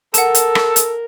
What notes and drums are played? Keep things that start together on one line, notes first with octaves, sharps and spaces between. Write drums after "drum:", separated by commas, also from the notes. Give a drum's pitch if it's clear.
A4 A#4 F#5 A5, drum: hi-hat
drum: hi-hat
drum: rim click
drum: hi-hat